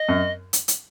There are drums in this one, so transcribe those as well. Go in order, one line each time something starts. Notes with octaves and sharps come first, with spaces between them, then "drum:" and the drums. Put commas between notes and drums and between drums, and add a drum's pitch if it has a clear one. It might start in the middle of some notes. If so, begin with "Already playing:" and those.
Already playing: D#5
F#2
drum: hi-hat
drum: hi-hat